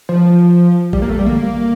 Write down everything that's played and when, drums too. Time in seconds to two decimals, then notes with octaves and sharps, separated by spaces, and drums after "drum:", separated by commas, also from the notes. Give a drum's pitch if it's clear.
0.09 F3
0.93 G3, drum: kick A1
1.02 A#3
1.09 A3
1.19 G3
1.27 A#3, drum: tom D3